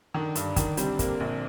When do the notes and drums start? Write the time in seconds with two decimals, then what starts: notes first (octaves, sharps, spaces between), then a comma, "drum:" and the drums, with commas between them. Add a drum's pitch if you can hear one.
0.14 D3 D#3 D4
0.35 G2, drum: hi-hat
0.56 D#3, drum: kick, hi-hat
0.77 C3 G3 C4, drum: hi-hat
0.99 A#3, drum: kick, hi-hat
1.20 A#1